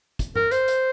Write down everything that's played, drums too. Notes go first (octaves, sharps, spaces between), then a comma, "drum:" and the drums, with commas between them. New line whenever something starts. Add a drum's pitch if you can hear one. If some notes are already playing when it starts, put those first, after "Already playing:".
drum: kick, hi-hat
A#4, drum: tom G2
C5, drum: hi-hat
drum: hi-hat